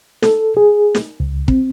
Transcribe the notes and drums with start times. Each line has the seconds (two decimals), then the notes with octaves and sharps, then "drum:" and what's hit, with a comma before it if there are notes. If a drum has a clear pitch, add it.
0.23 A4, drum: snare
0.57 G#4
0.95 drum: snare
1.20 C#2
1.48 C4, drum: kick